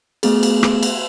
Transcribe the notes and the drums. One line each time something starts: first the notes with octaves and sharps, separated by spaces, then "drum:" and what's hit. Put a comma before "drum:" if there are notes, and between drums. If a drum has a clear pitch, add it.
A3 B3 G#4, drum: cymbal
drum: cymbal
drum: rim click
drum: cymbal